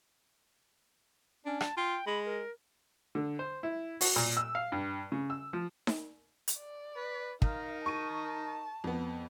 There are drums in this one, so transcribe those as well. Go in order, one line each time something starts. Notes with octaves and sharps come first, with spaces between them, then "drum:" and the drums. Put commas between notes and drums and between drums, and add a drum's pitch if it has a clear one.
C#4 D4
A5, drum: rim click
F4 G5
G#3 B5
A#4
D3
C5
E4
F#4, drum: open hi-hat
A#2
E6
F5
G2
C#3
E6
F3
drum: snare D#4
drum: hi-hat
D5
B4
D#4 A#4 F5, drum: kick
A5 C#6 D#7
F2 B3